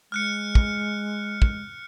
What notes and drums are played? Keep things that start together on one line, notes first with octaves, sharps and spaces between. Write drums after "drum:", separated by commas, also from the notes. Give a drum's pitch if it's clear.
G#3 F6 F#6 C#7
drum: kick
drum: kick